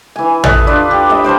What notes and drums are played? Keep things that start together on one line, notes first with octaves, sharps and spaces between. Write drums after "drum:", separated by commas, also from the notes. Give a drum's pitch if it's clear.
E3 G#5
A4 B4 D#5 E5, drum: tom
D4 F4 B4 D5
G4
C#5 D#5 E5 B5
F3 C4 C5 D6